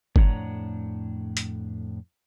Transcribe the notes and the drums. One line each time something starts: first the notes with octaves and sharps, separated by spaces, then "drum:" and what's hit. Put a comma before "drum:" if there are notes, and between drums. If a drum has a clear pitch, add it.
F2 A2 D4 C#5 F#5 A#5, drum: kick G1
drum: hi-hat